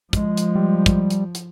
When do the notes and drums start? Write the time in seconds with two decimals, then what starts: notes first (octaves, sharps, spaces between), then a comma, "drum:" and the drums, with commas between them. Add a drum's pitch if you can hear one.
0.13 F3 G#3, drum: kick, hi-hat
0.37 drum: hi-hat
0.55 G3
0.86 drum: kick, hi-hat
1.10 drum: hi-hat
1.35 drum: hi-hat